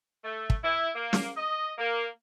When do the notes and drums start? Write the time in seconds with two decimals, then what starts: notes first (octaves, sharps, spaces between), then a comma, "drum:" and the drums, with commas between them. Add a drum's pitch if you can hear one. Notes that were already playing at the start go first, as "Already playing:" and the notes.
0.23 A3
0.50 drum: kick
0.64 E4
0.95 A#3
1.13 drum: snare
1.36 D#5
1.78 A#3